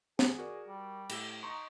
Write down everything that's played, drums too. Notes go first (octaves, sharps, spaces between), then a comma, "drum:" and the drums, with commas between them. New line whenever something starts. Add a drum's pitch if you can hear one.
G#4, drum: snare
F#4 A#4 D5
G3
A2 G4 E6, drum: cymbal
D#4 A#5 C6 C#6